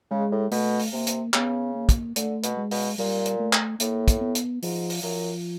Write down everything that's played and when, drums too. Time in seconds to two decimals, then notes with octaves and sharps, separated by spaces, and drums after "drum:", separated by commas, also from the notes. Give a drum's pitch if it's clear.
0.11 C#3 G#3
0.32 A2
0.51 B2 A3, drum: open hi-hat
0.79 drum: open hi-hat
0.93 C3 A#3
1.07 drum: hi-hat
1.33 C#3 B3, drum: clap
1.75 A#3
1.89 drum: kick, hi-hat
2.16 D3 A3, drum: hi-hat
2.43 B2, drum: hi-hat
2.57 G#3
2.71 B2, drum: open hi-hat
2.98 A#2 G3, drum: open hi-hat
3.26 drum: hi-hat
3.40 A3
3.53 drum: clap
3.80 A2 A#3, drum: hi-hat
4.08 drum: kick, hi-hat
4.21 B3
4.35 drum: hi-hat
4.62 G#2 F3, drum: open hi-hat
4.90 drum: open hi-hat
5.03 F#2 F3